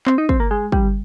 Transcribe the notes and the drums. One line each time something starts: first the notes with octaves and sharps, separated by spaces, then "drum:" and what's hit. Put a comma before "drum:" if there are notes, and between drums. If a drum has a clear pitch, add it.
C4, drum: clap
D#4
C4, drum: kick
A#3
G#3
G3, drum: kick